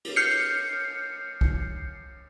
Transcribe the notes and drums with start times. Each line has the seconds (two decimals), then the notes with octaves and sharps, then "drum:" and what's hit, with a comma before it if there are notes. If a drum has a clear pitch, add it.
0.05 drum: cymbal
0.16 F6 G6 C7 C#7
1.41 drum: kick